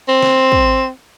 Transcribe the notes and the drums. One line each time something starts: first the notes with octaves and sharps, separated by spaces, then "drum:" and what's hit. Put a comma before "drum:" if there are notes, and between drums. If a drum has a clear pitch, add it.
C4
drum: snare
drum: kick